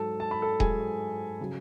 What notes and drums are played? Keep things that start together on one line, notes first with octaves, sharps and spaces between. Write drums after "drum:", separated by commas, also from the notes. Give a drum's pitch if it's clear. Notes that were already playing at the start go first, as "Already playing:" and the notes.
Already playing: G#2 F#3 A4 A5
A5
B5
A4 A5
G#2 F#3 G#4 G#5, drum: kick D#1
C#3 F#3